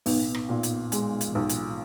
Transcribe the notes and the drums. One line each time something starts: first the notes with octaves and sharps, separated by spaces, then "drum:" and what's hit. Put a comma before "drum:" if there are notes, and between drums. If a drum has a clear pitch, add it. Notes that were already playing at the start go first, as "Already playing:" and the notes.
B1 B3 D#4, drum: open hi-hat
drum: rim click
A#2
drum: hi-hat
G#3, drum: hi-hat
drum: hi-hat
B1
drum: hi-hat